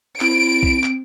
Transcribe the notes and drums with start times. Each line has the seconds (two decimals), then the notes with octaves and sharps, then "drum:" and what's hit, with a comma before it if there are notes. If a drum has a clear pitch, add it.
0.21 C4 E4 D7, drum: clap
0.63 drum: kick B1
0.84 drum: clap